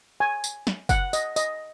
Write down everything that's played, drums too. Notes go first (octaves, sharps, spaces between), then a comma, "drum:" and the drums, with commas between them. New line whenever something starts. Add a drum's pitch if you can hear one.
G#5
drum: tambourine
drum: snare
F#5, drum: kick F#1, tambourine
D#5, drum: tambourine
D#5, drum: tambourine